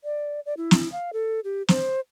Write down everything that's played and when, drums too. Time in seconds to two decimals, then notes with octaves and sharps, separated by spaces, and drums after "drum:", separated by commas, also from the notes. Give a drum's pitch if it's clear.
0.04 D5
0.46 D5
0.57 E4
0.71 drum: snare
0.92 F5
1.13 A4
1.44 G4
1.68 C5, drum: snare